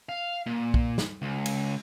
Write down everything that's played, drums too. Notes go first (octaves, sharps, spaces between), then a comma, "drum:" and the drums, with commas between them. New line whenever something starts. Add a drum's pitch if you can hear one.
F5
A#2
drum: kick B1
drum: snare
C#2
drum: cymbal